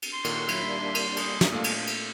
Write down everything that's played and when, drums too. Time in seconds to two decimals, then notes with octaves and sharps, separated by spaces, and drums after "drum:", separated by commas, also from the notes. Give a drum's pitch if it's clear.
0.02 drum: cymbal
0.12 C6
0.25 A#2 D#3 A4 A#4 C#5 F#5, drum: cymbal
0.48 F#3 E4 F4 F#6, drum: cymbal
0.63 G3 A#3 D4
0.95 drum: cymbal
1.17 G#4 A4 D#5, drum: cymbal
1.41 drum: snare
1.52 A#2 A3 F4
1.64 drum: cymbal
1.87 drum: cymbal